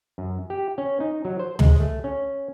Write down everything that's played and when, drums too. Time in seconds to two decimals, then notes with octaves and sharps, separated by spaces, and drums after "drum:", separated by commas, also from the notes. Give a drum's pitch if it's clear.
0.18 F#2
0.50 G4
0.78 C#4
1.00 D#4
1.25 F#3
1.39 C5
1.59 G#3, drum: tom
1.80 A3
2.04 C#4